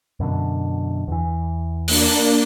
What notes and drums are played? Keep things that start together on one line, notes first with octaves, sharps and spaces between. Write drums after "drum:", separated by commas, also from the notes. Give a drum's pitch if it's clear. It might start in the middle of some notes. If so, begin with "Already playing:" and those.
F#2 B2 D3
E2 E3
A#3 D4, drum: open hi-hat